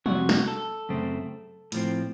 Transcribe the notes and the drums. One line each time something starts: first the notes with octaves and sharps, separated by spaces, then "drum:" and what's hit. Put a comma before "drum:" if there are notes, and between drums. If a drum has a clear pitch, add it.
F2 C3 F#3 F#4, drum: tom
drum: snare
A4
F#2 C#3 A3 C4
A2 F3 C4, drum: hi-hat